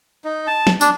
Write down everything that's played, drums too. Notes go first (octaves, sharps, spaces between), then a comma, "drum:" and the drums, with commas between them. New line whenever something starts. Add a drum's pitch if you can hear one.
D#4
A5
drum: snare
D4, drum: tambourine